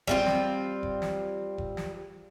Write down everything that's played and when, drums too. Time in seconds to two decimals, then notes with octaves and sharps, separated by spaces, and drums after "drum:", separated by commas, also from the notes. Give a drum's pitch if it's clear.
0.07 G3 C4 F4, drum: kick F1
0.26 drum: snare
0.83 drum: kick F1
1.02 drum: snare
1.58 drum: kick F1
1.77 drum: snare